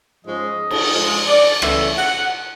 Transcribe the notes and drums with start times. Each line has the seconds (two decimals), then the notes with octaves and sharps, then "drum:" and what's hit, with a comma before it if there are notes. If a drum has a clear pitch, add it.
0.24 G#2 F3 G#3 C#4 D#5
0.71 drum: cymbal
0.94 G#2 F3 G#3
1.28 D5
1.62 C#3 E3 A3 E5, drum: rim click
1.97 F#5